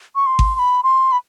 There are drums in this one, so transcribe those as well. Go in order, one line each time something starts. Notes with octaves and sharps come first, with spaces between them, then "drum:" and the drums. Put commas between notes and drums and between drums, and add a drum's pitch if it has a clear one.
C#6
C6
drum: kick G#1
C6
B5
C6
B5